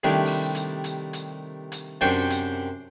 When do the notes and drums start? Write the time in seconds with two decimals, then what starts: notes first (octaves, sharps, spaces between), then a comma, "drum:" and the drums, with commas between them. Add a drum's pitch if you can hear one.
0.03 C3 D#3 G3 A3 D4 E4
0.25 drum: open hi-hat
0.55 drum: hi-hat
0.84 drum: hi-hat
1.13 drum: hi-hat
1.72 drum: hi-hat
2.01 F#2 C3 D4 C5 G5 C#6, drum: open hi-hat
2.30 drum: hi-hat